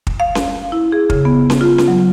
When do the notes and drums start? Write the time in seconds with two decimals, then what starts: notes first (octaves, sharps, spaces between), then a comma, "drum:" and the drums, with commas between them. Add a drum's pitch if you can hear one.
0.07 drum: kick
0.20 F5
0.35 drum: snare C#4
0.72 E4
0.92 G#4
1.10 C#3, drum: kick
1.25 B3
1.50 drum: snare C#4
1.61 F4
1.78 drum: snare C#4
1.88 F#3